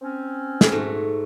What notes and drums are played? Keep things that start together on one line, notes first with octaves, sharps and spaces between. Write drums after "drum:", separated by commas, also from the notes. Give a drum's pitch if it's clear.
C4 C#4
drum: snare
G#2 A3 F#4